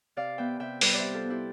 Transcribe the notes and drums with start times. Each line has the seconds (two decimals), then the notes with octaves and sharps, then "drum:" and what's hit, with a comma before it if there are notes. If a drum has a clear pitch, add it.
0.16 C3 D5 F5
0.38 B3 E5 G5
0.60 C3 E5 G5
0.81 G3 B4 D5, drum: open hi-hat
0.94 C5 D5 E5
1.03 C3
1.14 F4 A4
1.25 B3
1.30 E4 G4